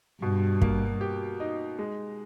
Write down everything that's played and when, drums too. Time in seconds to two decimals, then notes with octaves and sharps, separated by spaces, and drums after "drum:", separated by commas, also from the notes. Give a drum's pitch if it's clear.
0.22 G2 B2
0.62 A#3, drum: kick
1.01 G4
1.40 D#4
1.79 G#3